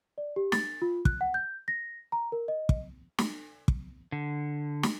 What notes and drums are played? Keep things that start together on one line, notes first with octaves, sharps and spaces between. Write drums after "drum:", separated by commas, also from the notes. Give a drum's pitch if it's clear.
D5
G4
A6, drum: snare
F4
F#6, drum: kick
F#5
G6
A#6
A#5
A#4
D#5
drum: kick
drum: snare
drum: kick
D3
drum: snare